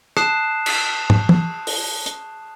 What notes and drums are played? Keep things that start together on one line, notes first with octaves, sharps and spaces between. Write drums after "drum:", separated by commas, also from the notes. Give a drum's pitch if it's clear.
A5 D#6 F#6 C7 E7, drum: rim click
drum: cymbal
drum: tom
drum: tom
drum: open hi-hat
drum: hi-hat